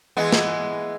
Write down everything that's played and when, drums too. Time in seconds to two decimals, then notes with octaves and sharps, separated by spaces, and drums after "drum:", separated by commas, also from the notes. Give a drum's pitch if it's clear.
0.17 E3 G#3 B3
0.32 drum: snare